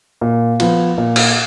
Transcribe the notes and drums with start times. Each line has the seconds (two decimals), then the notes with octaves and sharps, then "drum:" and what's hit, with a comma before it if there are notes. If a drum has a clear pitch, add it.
0.21 A#2
0.60 F3 B3 F4, drum: cymbal
0.98 A#2
1.16 drum: cymbal